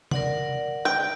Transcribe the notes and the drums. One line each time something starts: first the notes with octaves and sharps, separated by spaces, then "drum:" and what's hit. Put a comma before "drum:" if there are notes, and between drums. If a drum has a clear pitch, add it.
A#4 D5 F#5, drum: tom
G5